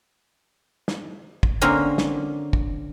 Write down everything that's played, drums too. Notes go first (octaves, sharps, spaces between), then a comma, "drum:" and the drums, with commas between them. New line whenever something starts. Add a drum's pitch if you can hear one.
drum: snare
drum: kick
D3 A#3 C4 C#4 A#4 A#5
drum: snare
drum: kick